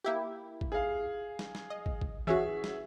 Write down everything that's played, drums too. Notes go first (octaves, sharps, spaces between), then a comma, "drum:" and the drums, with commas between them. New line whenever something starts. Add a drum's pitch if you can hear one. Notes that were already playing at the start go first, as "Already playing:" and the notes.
A#3 E4 G4
drum: kick
G#4 F5
drum: snare
drum: snare
D#5
drum: kick
drum: kick
E3 C#4 F#4 G#4 E5
drum: snare